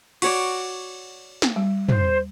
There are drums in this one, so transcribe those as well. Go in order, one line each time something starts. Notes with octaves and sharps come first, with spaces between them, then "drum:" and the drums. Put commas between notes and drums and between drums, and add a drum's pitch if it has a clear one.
F#4 C#5 D5 C#6, drum: cymbal
drum: snare
G3
C5, drum: tom